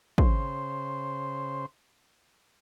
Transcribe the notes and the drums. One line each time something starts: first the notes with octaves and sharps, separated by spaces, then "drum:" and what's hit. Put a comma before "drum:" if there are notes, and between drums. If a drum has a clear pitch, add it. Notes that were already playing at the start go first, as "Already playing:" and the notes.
C#3 C5, drum: kick